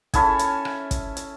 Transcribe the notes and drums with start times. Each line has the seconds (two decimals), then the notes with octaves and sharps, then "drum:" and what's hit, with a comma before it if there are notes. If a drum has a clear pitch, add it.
0.14 C#4 E4 A4 G#5, drum: kick, hi-hat
0.39 drum: hi-hat
0.65 drum: rim click
0.91 drum: kick, hi-hat
1.17 drum: hi-hat